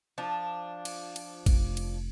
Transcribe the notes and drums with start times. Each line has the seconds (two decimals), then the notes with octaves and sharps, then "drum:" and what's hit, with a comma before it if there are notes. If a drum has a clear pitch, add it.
0.18 F3 D4
0.85 drum: cymbal
1.16 drum: cymbal
1.46 F1, drum: kick A1, cymbal
1.77 drum: cymbal